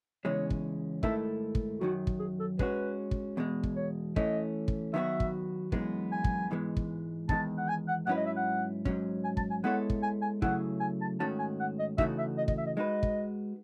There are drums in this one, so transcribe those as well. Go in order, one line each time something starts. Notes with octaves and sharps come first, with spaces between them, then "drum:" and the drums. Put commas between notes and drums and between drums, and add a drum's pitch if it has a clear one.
E2 C#3 E3 G#3 C#4 C#5
drum: kick
G#2 D#3 A3 E4 A4 E5, drum: kick
drum: kick
F#2 D#3 F#3 F#4
drum: kick
G#4
A4
G#3 C#4 F#4 B4, drum: kick
drum: kick
E2 B2 G#3
drum: kick
C#5
E3 A3 C#4 D#5, drum: kick
drum: kick
D#3 F#3 B3 F#4 E5
drum: kick
F#2 E3 G#3 B3, drum: kick
G#5
drum: kick
G#2 E3 G#3 B3
drum: kick
E2 D#3 G#3 A5, drum: kick
F#5
G#5
F#5
G#2 F#3 C#4 E4 B4 F#5
D#5
E5
F#5
G#2 F#3 C#4, drum: kick
G#5
A5, drum: kick
G#5
G#3 B3 E4 A4 C#5 F#5
drum: kick
G#5
G#5
C#3 F#3 A3 E4 G#4 F#5, drum: kick
G#5
A5
G#2 D#3 A3 C#4 F#4 A5
G#5
F#5
D#5
C#3 E3 A3 D#4 F#4 E5, drum: kick
E5
D#5
D#5, drum: kick
E5
D#5
G#3 D#4 F#4 B4 D#5
drum: kick